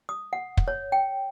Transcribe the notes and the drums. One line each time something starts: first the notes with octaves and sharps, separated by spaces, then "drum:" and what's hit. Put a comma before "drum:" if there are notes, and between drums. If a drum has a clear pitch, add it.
D#6
F#5
drum: kick
C#5
G5